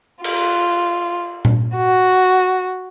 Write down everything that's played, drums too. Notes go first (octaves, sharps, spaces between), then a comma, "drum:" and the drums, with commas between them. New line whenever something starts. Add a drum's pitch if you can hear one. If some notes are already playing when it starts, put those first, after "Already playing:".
F4, drum: cymbal
drum: tom A#2
F#4